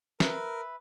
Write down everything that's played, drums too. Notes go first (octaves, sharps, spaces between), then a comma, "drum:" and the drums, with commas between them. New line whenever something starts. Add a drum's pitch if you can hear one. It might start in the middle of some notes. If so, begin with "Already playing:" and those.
A#4 B4 E5, drum: snare